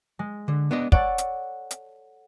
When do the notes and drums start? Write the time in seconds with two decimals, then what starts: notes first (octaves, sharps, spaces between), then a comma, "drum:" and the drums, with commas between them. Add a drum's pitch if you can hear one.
0.19 G#3
0.48 D3
0.71 B3 D4 D#5
0.92 A4 C#5 D5 F#5, drum: kick
1.18 drum: hi-hat
1.71 drum: hi-hat